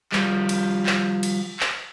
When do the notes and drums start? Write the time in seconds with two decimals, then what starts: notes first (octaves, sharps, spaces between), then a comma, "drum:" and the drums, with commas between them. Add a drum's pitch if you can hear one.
0.12 F3 G3, drum: clap
0.49 drum: cymbal
0.86 drum: clap
1.23 drum: cymbal
1.60 drum: clap